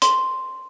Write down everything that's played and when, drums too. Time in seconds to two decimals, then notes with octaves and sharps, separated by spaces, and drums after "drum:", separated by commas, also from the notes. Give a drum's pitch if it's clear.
0.02 C6, drum: hi-hat